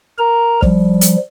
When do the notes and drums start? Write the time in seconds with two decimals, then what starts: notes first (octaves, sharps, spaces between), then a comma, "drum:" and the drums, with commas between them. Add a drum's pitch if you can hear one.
0.19 A#4 A#5
0.62 F3 G3, drum: kick
1.01 drum: hi-hat